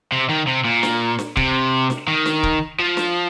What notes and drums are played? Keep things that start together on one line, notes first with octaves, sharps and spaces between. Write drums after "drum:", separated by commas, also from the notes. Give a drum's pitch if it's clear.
C3
D#3
C3
A#2
drum: snare
drum: snare
C3, drum: kick C#1
drum: snare
D#3
drum: snare
drum: kick C#1
F3
drum: snare